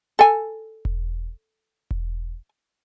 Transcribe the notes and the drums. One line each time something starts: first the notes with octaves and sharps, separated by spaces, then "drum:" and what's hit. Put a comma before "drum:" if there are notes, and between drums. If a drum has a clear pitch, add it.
A4 G#5
drum: kick E1
drum: kick E1